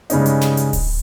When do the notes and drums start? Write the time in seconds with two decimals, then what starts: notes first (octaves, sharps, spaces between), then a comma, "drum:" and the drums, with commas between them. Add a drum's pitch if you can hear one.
0.10 G2 C#3 G#3 C#4 D#4, drum: hi-hat
0.26 drum: hi-hat
0.41 drum: snare
0.57 drum: hi-hat
0.73 drum: kick D1, open hi-hat